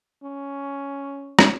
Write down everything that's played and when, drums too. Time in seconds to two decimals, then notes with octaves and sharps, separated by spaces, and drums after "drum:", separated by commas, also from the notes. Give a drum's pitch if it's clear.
0.23 C#4
1.39 drum: rim click